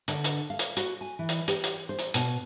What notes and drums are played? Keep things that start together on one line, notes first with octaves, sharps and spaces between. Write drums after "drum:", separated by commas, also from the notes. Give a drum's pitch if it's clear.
D3, drum: hi-hat
drum: hi-hat
F5
drum: hi-hat
F#4, drum: hi-hat
G#5
E3
drum: hi-hat
G4, drum: hi-hat
drum: hi-hat
C5
drum: hi-hat
B2, drum: hi-hat